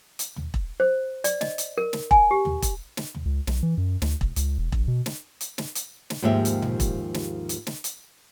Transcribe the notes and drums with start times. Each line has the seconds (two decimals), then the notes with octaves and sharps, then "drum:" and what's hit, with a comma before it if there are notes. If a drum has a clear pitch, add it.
0.19 drum: hi-hat
0.36 drum: tom
0.54 drum: kick E1
0.80 C5
1.24 D5, drum: hi-hat
1.41 D#5, drum: snare
1.58 drum: hi-hat
1.78 A#4
1.93 drum: snare
2.11 G#5, drum: kick E1
2.31 G4
2.45 drum: tom
2.62 drum: kick E1, hi-hat
2.97 drum: snare
3.15 drum: tom
3.25 C#2
3.47 B1, drum: snare
3.63 E3
3.77 F#2
4.02 D2, drum: snare
4.21 E1, drum: kick E1
4.36 C#2, drum: hi-hat
4.58 E1
4.72 A#1, drum: kick E1
4.88 B2
5.06 drum: snare
5.41 drum: hi-hat
5.58 drum: snare
5.75 drum: hi-hat
6.10 drum: snare
6.22 D#2 G#2 F3 G#3 G4 E5
6.45 drum: hi-hat
6.62 drum: tom A#2
6.80 drum: kick E1, hi-hat
7.14 drum: snare
7.49 drum: hi-hat
7.67 drum: snare
7.84 drum: hi-hat